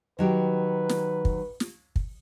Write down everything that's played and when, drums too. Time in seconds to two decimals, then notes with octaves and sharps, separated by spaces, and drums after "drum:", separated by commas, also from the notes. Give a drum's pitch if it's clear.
0.19 D#3 F#3 G4 B4
0.89 drum: snare
1.25 drum: kick
1.60 drum: snare
1.96 drum: kick